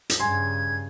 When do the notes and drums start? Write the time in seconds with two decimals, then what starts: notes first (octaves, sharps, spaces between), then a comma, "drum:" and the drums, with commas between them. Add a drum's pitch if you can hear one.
0.10 drum: hi-hat
0.20 G2 C#3 G#5 C6 G#6